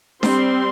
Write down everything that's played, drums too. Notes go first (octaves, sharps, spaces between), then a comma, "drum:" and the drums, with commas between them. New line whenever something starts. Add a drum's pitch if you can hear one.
G3 C4 C6, drum: snare D4